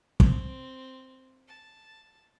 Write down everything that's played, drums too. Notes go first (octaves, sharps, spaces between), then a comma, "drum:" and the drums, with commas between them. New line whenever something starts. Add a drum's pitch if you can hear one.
C4, drum: kick
A5